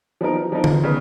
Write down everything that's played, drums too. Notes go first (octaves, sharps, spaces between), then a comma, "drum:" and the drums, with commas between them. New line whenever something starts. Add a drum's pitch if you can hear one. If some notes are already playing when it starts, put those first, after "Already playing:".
F3 B3 D#4 A#4
F3 B3 D#4 A#4
drum: tom D3
C#3 G#3 B3